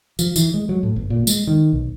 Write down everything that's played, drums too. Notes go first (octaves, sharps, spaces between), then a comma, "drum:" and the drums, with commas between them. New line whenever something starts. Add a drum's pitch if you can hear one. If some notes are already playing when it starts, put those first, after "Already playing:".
F3, drum: tambourine
E3, drum: tambourine
G#3
F#3
A2
G1
A#2
G#3, drum: tambourine
D#3
B1